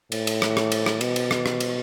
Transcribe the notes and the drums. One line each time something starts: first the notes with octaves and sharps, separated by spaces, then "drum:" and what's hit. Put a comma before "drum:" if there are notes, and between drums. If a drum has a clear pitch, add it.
A2, drum: cymbal
drum: cymbal
drum: rim click
drum: rim click
drum: cymbal
drum: rim click
B2, drum: cymbal
drum: cymbal
drum: rim click
drum: rim click
drum: cymbal